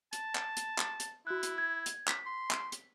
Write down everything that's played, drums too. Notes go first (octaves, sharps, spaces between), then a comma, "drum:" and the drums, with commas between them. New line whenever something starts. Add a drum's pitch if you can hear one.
A5, drum: hi-hat
drum: clap
drum: hi-hat
drum: clap
drum: hi-hat
E4 F#4 F#6
drum: hi-hat
G#6
drum: hi-hat
B6, drum: clap
C6
drum: clap
drum: hi-hat